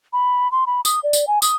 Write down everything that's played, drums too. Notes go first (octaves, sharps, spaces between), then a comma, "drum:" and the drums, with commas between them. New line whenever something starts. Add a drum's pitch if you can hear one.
B5
C6
B5
D#6, drum: tambourine
D5
drum: tambourine
G#5
D#6, drum: tambourine